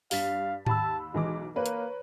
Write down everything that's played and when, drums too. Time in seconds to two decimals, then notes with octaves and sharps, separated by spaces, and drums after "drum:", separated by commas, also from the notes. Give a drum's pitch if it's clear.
0.11 G2 F5 A6 B6, drum: open hi-hat
0.66 D#2 A5 B5 E6, drum: tom G#2
1.14 B1 E3 G#3 D6
1.56 A#3 A#4 B4 C#5
1.66 drum: hi-hat